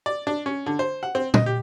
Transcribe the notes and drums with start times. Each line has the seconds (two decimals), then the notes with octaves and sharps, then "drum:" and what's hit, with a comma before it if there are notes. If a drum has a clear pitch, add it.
0.06 D5
0.27 D4
0.46 C#4
0.66 D3
0.79 C5
1.03 F#5
1.15 C4
1.34 D#5, drum: tom
1.46 G4